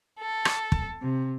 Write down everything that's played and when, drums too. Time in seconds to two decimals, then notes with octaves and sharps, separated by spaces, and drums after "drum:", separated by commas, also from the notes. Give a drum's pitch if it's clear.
0.19 A4
0.45 drum: rim click
0.72 drum: kick
1.02 C3